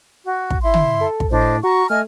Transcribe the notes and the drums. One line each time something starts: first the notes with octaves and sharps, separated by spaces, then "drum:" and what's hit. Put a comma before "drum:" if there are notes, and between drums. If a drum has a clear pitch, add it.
F#4
drum: kick
E4 E5 C6
drum: tom
A4
drum: kick
A2 D4 C5 D#5
F#4 A#5 C#6
A3 D#5 G#5 F6